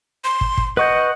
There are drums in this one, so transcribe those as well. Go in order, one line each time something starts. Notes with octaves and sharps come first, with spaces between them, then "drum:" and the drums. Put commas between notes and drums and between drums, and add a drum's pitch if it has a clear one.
C6
drum: kick
drum: kick
B4 D#5 F#5 C#6 G6